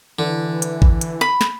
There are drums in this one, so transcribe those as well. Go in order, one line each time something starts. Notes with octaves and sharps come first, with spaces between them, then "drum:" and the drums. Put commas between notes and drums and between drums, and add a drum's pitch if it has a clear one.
D3 E3
drum: hi-hat
drum: kick A1
drum: hi-hat
B5
drum: snare